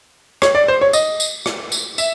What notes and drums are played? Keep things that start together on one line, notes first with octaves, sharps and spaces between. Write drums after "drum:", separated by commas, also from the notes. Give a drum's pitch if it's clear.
C#5, drum: rim click
D5
C5
C#5
D#5, drum: tambourine
drum: tambourine
drum: rim click
drum: tambourine
E5, drum: tambourine